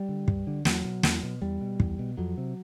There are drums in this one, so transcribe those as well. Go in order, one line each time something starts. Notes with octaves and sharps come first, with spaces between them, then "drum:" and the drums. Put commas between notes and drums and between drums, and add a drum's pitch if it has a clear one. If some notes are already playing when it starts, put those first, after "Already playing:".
Already playing: G3
D3
G2, drum: kick
D3
E2 F#3, drum: snare
B2
E2, drum: snare
B2
E2 G3
B2
E2, drum: kick
B2
F2 F#3
C3